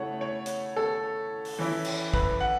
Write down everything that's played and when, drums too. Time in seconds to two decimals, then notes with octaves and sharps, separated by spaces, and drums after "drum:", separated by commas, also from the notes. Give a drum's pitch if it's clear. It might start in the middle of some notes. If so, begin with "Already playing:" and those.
Already playing: C#3 A3 E4 C#5 F#5 A5
0.21 C#5
0.46 drum: hi-hat
0.76 A4
1.45 drum: open hi-hat
1.58 E3 C#4 E4
1.85 drum: cymbal
2.14 B4, drum: kick
2.40 F#5